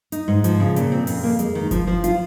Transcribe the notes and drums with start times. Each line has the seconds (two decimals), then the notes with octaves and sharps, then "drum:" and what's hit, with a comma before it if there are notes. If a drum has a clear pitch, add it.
0.12 D#4, drum: hi-hat
0.28 G#2
0.44 F3, drum: hi-hat
0.60 C#3
0.76 A#2, drum: hi-hat
0.92 C4
1.07 F2, drum: open hi-hat
1.23 A#3
1.39 G#3, drum: hi-hat
1.55 D#3
1.71 F3, drum: kick F#1, hi-hat
1.87 F3
2.04 F4, drum: hi-hat